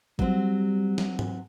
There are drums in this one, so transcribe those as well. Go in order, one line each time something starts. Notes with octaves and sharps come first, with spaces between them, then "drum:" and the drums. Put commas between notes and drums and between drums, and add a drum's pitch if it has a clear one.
F#3 G3 C4, drum: kick
drum: snare
drum: tom G#2